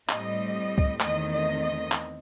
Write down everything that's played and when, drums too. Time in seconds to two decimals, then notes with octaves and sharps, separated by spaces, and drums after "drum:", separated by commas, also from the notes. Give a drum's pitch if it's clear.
0.09 A2 G3 C4 D#5, drum: clap
0.78 drum: kick C#2
1.00 E2 D#3 A3 C4 D#5, drum: clap
1.32 D#5
1.62 D#5
1.92 drum: clap